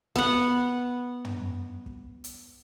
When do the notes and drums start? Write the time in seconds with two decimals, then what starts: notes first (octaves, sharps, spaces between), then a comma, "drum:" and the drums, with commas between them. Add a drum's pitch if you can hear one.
0.16 B3 F#5, drum: kick
1.25 drum: tom
1.86 drum: kick
2.24 drum: hi-hat